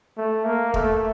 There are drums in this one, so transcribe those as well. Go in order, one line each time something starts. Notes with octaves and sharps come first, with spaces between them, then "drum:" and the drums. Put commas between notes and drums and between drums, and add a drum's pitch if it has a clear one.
A3
A#3
A3, drum: kick